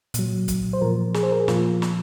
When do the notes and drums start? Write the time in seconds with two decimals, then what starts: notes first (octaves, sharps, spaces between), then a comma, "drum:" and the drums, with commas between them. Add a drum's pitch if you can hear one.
0.14 A#2 F#3, drum: hi-hat
0.48 drum: kick, hi-hat
0.73 C5
0.81 A#2 F3 A#4
1.14 G#4, drum: snare
1.23 C5
1.32 A#4
1.40 G#4
1.48 A#2 F3 F4, drum: snare
1.82 drum: snare